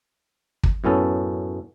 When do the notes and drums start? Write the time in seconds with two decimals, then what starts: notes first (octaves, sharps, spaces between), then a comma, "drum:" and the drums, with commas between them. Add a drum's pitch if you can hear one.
0.63 drum: kick
0.84 F#2 A2 B3 C#4 A4